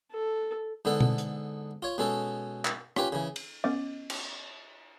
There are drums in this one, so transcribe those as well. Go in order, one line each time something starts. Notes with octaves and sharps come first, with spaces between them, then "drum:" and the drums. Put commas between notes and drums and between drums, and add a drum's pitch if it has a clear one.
A4
G#2 D3 B3 A4
drum: tom B2
drum: hi-hat
F4 C#5
B2 G#3 C#4 A4
drum: clap
C#4 F4 G4 B4, drum: rim click
C#3 E3
drum: cymbal
B3 C#4 D#5 D6
drum: cymbal